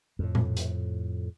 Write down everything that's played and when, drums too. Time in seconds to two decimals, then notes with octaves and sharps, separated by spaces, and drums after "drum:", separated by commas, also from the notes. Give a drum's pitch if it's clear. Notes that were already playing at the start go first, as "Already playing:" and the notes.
0.19 F2 A2
0.35 drum: tom A#2
0.57 drum: hi-hat